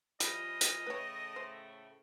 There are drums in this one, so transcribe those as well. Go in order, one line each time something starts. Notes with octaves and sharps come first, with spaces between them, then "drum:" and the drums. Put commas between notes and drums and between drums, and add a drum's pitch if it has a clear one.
E3 F3 G3 F4 D#5, drum: hi-hat
drum: hi-hat
A2 C#3 A3 B4 C#5
C5